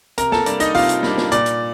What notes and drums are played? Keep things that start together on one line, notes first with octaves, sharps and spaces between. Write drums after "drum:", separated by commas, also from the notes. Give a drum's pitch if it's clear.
C3 A#4 A#5, drum: hi-hat
A4 A5, drum: snare
G3 A#3 D4 D5, drum: hi-hat
D#4 D#5, drum: hi-hat
C3 F4 F5, drum: open hi-hat
drum: hi-hat
G3 A#3 D4, drum: snare
drum: snare
A#2 D5, drum: hi-hat
drum: hi-hat